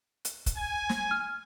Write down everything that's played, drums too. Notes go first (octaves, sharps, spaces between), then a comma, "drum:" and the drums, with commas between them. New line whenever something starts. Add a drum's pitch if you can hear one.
drum: hi-hat
drum: kick, hi-hat
G#5
drum: snare
F6